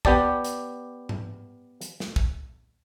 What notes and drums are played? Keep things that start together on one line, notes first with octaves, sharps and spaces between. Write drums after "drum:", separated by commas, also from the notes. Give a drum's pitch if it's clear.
B3 G4 D5 A5, drum: kick
drum: hi-hat
drum: tom G#2
drum: hi-hat
drum: snare
drum: kick